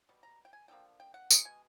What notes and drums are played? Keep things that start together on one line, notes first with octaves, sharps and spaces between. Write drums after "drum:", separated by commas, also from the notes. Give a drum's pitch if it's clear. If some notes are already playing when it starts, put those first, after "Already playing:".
B2 G3
A#5
G5
G#5
D3 F3 A#3 G5
G5
F#5
B2 G#3, drum: tambourine
G#5